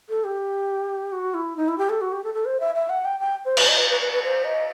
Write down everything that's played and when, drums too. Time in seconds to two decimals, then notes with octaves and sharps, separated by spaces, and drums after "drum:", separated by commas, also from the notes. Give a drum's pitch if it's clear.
0.09 A4
0.24 G4
1.12 F#4
1.34 E4
1.57 D#4
1.68 E4
1.78 G4
1.89 A4
2.01 F#4
2.12 G4
2.24 A4
2.34 A4
2.45 C5
2.60 E5
2.75 E5
2.89 F#5
3.05 G5
3.20 G5
3.45 C5
3.57 B4, drum: cymbal
3.68 D#5
3.78 B4
3.90 B4
4.01 B4
4.12 B4
4.23 C5
4.44 D#5